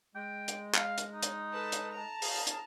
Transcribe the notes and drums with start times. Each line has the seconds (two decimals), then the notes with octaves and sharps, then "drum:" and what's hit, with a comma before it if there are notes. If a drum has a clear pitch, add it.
0.15 G#3 G5
0.48 drum: hi-hat
0.74 F5, drum: clap
0.98 drum: hi-hat
1.12 D#4
1.23 drum: hi-hat
1.52 A4 B4 A5
1.72 drum: hi-hat
1.91 A5 A#5
2.22 G#4 F5, drum: open hi-hat
2.47 drum: hi-hat